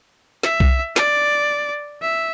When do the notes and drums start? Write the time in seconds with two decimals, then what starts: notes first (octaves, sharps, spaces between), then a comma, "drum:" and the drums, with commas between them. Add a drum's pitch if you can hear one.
0.43 E5, drum: snare
0.60 drum: kick B1
0.96 D5, drum: snare
2.02 E5